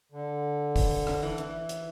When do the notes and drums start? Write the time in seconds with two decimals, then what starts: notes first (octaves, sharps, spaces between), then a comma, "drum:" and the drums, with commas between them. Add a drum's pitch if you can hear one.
0.12 D3
0.76 drum: kick, open hi-hat
1.07 drum: rim click
1.22 E3
1.38 drum: hi-hat
1.69 drum: hi-hat